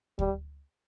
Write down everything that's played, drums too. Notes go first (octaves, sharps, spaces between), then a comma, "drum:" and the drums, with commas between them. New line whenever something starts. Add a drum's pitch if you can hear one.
G3, drum: kick D2